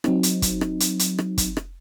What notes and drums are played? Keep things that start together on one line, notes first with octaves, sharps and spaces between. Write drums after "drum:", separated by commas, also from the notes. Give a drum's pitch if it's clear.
F#3 C4 D#4, drum: rim click
drum: hi-hat
drum: kick, hi-hat
drum: rim click
drum: hi-hat
drum: hi-hat
drum: rim click
drum: kick, hi-hat
drum: rim click